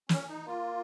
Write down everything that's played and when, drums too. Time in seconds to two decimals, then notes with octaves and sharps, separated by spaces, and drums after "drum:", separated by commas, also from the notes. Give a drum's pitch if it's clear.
0.09 C#4, drum: snare
0.29 D#4
0.47 A#3 F4